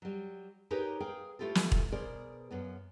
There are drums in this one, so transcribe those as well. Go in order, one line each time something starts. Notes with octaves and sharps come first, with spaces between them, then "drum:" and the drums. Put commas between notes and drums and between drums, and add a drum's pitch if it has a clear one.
F#3 G3
D#4 G4 G#4 A#4 B4 C#5
G#4 A#4 F5 G5
A3 E4 F4 G4 A4
drum: snare
drum: kick
B2 G#4 A#4 C5 D5
F#2 A#3 B3